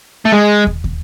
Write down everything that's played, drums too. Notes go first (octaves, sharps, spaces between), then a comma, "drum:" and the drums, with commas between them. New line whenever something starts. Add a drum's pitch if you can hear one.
A3
G#3
drum: kick
drum: kick